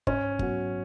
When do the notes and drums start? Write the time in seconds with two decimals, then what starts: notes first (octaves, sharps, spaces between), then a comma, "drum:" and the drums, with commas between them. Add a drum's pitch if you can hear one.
0.07 G#2 C#4, drum: kick G1
0.39 F#3 B3 F#4, drum: kick G1